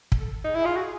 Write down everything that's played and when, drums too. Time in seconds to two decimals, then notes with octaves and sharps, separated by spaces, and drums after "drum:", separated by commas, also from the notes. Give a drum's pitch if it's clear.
0.12 A4, drum: kick
0.44 D#4 G#4
0.55 E4
0.65 F4
0.76 F#4